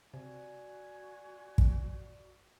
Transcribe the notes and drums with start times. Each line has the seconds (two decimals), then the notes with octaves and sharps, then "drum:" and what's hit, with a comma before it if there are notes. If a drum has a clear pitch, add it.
0.14 C3 F#4 D5 G#5
1.58 drum: kick